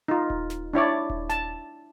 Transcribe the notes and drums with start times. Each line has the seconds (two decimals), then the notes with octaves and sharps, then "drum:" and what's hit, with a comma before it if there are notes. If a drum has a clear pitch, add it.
0.08 D#4 F4
0.30 drum: kick D#1
0.50 drum: snare
0.73 D4 E4 C#5 D5
1.10 drum: kick D#1
1.30 A5, drum: snare